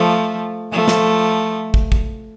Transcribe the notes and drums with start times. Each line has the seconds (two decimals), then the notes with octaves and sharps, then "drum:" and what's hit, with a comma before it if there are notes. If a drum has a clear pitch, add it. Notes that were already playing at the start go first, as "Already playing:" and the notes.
Already playing: F3 A3
0.72 F3 A3
0.88 drum: snare
1.74 drum: kick
1.92 drum: kick